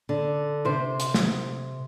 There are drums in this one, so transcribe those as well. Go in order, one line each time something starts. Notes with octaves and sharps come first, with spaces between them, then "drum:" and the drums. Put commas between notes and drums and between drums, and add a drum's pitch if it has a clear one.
D3
C3 C5
drum: hi-hat
drum: snare